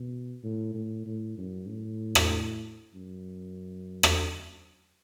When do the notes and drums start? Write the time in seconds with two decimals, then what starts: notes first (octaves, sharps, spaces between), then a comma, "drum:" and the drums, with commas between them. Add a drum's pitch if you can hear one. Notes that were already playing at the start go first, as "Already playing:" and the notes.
Already playing: B2
0.43 A2
0.74 A2
1.06 A2
1.37 F#2
1.68 A2
2.15 drum: rim click
2.94 F#2
4.03 drum: rim click